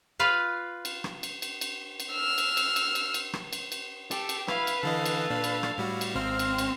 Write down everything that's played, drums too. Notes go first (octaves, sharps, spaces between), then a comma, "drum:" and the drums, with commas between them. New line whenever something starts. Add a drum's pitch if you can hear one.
F4 B4 F5
drum: cymbal
drum: rim click
drum: cymbal
drum: cymbal
drum: cymbal
drum: cymbal
E6 F6
drum: cymbal
drum: cymbal
drum: cymbal
drum: cymbal
drum: cymbal
drum: rim click
drum: cymbal
drum: cymbal
G4 A4, drum: cymbal
drum: cymbal
E4 B4 F5, drum: rim click
drum: cymbal
D3 E3 A4 D#5 F5
drum: cymbal
A#2 D4
drum: cymbal
drum: rim click
A2 G3 E4 F#4
drum: cymbal
G#1 G#2 C4 F5 F6
drum: cymbal
drum: cymbal